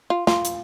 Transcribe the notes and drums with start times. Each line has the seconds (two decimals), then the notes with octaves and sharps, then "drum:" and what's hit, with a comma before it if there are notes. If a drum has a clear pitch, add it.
0.10 F4
0.27 F4, drum: snare
0.45 drum: hi-hat